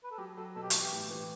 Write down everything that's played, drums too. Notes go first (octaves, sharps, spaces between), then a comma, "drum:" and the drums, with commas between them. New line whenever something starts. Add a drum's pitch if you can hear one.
B4
A4
F#3 G4
F#3 A4
B2 A4
G4
F#4, drum: hi-hat
E3 G4
A2
E3